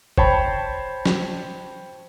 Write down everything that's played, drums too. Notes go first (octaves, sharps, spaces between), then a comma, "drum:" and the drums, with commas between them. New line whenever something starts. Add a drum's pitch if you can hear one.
C5 C#5 G5 A5 B5, drum: kick
drum: snare